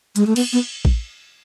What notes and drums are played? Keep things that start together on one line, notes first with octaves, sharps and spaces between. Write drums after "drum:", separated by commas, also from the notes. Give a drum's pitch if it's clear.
G#3, drum: hi-hat
A3
B3, drum: cymbal
B3
drum: kick A1